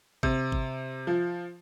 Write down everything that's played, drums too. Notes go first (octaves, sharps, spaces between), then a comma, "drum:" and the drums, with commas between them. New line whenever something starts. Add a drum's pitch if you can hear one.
C3, drum: kick G1
drum: kick G1
F3